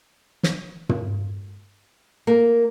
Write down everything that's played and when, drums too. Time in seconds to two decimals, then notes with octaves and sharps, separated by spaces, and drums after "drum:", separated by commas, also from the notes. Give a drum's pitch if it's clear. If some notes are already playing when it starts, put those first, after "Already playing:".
0.43 drum: snare
0.89 drum: tom
2.27 A#3